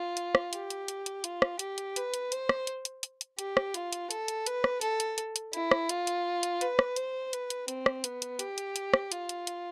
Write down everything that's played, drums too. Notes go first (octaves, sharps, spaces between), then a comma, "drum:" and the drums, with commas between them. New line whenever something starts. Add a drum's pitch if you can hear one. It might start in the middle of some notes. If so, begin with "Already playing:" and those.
Already playing: F4
drum: hi-hat
drum: rim click
G4, drum: hi-hat
drum: hi-hat
drum: hi-hat
drum: hi-hat
F4, drum: hi-hat
drum: rim click
G4, drum: hi-hat
drum: hi-hat
B4, drum: hi-hat
drum: hi-hat
C5, drum: hi-hat
drum: rim click
drum: hi-hat
drum: hi-hat
drum: hi-hat
drum: hi-hat
G4, drum: hi-hat
drum: rim click
F4, drum: hi-hat
drum: hi-hat
A4, drum: hi-hat
drum: hi-hat
B4, drum: hi-hat
drum: rim click
A4, drum: hi-hat
drum: hi-hat
drum: hi-hat
drum: hi-hat
E4, drum: hi-hat
drum: rim click
F4, drum: hi-hat
drum: hi-hat
drum: hi-hat
B4, drum: hi-hat
drum: rim click
C5, drum: hi-hat
B4, drum: hi-hat
drum: hi-hat
C4, drum: hi-hat
drum: rim click
B3, drum: hi-hat
drum: hi-hat
G4, drum: hi-hat
drum: hi-hat
drum: hi-hat
drum: rim click
F4, drum: hi-hat
drum: hi-hat
drum: hi-hat